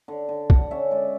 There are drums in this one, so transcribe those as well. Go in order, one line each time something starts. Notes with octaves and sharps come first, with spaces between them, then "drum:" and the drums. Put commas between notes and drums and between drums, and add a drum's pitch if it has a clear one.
D3
D3
D3 F#5, drum: kick
C#4 E5
G#3 D5